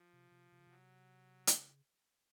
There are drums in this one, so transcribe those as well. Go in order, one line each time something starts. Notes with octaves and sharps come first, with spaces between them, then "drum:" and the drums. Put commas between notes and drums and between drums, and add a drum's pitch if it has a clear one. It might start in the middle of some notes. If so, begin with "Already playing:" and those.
Already playing: F3
C3
C3
C3
C#3
C3 F#3
C#3, drum: hi-hat